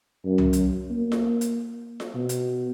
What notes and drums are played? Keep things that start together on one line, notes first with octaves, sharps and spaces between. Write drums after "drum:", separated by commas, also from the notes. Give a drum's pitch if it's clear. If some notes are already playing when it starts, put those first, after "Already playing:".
F#2
drum: tom
drum: hi-hat
A#3
drum: snare F4
drum: hi-hat
drum: snare F4
B2
drum: hi-hat